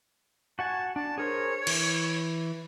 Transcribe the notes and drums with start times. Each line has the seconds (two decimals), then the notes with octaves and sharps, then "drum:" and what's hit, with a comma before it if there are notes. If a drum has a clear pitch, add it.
0.59 F#4 F#5 G#5 A5
0.96 D4 A5
1.18 G#4 A#4 C5 C#5
1.67 E3, drum: cymbal